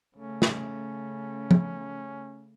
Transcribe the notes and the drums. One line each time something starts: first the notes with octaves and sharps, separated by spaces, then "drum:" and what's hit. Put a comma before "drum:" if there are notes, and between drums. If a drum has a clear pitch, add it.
C#3 A3 C#4
drum: snare
drum: tom